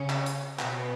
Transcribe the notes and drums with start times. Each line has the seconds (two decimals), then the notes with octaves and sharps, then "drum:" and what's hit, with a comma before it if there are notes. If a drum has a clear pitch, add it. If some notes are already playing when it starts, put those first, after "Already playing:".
Already playing: C#3 C#4
0.10 drum: clap
0.26 drum: hi-hat
0.59 B2 B3, drum: clap